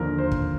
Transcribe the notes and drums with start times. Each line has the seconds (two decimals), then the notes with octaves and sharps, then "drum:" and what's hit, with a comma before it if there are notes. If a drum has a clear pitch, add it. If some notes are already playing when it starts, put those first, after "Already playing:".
Already playing: D#2 D3 F3 A#4
0.18 C5
0.32 drum: kick